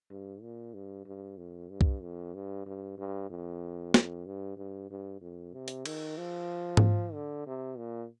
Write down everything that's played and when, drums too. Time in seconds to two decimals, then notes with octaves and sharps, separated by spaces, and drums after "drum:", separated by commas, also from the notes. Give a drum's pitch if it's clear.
0.10 G2
0.42 A#2
0.74 G2
1.06 G2
1.37 F2
1.70 G2
1.81 drum: kick C2
2.01 F2
2.34 G2
2.66 G2
2.98 G2
3.30 F2
3.94 F2, drum: snare
4.26 G2
4.57 G2
4.90 G2
5.21 F2
5.53 C3
5.68 drum: hi-hat
5.85 D#3, drum: cymbal
6.18 F3
6.77 drum: tom G#2
7.13 D3
7.46 C3
7.77 A#2